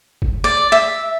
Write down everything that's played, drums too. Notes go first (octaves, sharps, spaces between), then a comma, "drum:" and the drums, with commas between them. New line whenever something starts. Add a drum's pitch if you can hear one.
drum: kick
D5
E5